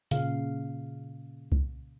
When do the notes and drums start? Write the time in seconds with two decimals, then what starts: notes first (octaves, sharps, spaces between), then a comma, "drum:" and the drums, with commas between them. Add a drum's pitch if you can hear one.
0.11 A#2 C#3 F5, drum: hi-hat
1.52 drum: kick C2